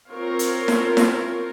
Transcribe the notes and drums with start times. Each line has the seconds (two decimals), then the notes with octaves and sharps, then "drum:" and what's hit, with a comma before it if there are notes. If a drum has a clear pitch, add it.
0.10 C4 F4 A#4 C#5
0.39 drum: hi-hat
0.68 drum: snare E4
0.97 drum: snare E4